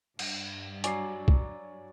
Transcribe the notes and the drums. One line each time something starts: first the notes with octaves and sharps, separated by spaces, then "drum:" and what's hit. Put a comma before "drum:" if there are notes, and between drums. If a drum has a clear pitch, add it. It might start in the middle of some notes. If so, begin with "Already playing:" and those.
G2, drum: cymbal
F#3 D5 G#5 C7, drum: hi-hat
drum: kick C2